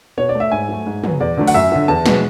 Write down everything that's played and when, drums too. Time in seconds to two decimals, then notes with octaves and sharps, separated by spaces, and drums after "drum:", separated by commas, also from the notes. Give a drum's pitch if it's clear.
0.17 B2 C#5
0.29 D5
0.35 A3
0.40 E5
0.52 G#2 G#5
0.69 F#3 A3
0.86 G#2
1.04 F#3 B3, drum: tom
1.20 E2 D5
1.37 D3 F#3 A3
1.48 F#5, drum: open hi-hat
1.54 F#2 E5
1.72 D3 F#3
1.88 E2 A5
2.06 B2 G#3 B3, drum: snare